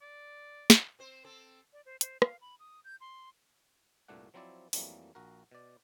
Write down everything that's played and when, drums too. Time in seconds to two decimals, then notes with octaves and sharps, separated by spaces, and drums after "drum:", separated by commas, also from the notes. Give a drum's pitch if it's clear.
0.02 D5
0.70 drum: snare
0.99 C4 C5
1.24 C4 A4
1.72 D5
1.86 C5
2.01 C5, drum: hi-hat
2.22 F5, drum: rim click
2.41 B5
2.60 D#6
2.84 G6
3.01 C6
4.08 C2 G2 A#2 A3 D4 F#5
4.34 F3 F#3 C4 E4 D5
4.73 F2 E3 F#3 G3 A3 A#3, drum: open hi-hat
5.15 A#1 F#4 A#4
5.51 B2 D5